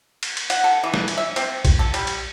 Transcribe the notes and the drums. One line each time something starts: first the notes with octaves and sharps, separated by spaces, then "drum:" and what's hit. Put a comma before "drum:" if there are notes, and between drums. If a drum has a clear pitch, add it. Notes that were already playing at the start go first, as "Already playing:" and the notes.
drum: cymbal
drum: cymbal
F#5, drum: cymbal
A4
E3
drum: snare
drum: cymbal
E5
C4, drum: cymbal
drum: kick, cymbal
A4
G3, drum: cymbal
drum: cymbal